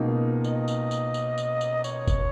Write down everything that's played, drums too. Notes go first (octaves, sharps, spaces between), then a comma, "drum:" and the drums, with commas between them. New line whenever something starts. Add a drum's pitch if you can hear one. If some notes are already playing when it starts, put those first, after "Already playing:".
Already playing: C#2 B2 A#3 D#4
D#5, drum: tambourine
drum: tambourine
drum: tambourine
drum: tambourine
drum: tambourine
drum: tambourine
C#5, drum: tambourine
drum: kick F#1, tambourine